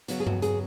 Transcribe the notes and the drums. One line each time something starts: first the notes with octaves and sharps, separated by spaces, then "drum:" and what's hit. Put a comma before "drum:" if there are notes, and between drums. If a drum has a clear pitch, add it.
C#3 F#3 B3 F#4, drum: hi-hat
G#4
F#4, drum: tom G2
G#4, drum: hi-hat